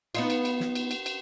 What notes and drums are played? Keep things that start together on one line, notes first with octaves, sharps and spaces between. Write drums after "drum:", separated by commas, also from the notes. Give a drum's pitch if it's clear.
B3 D#4 F4, drum: cymbal
drum: cymbal
drum: cymbal
drum: snare
drum: cymbal
drum: cymbal
drum: cymbal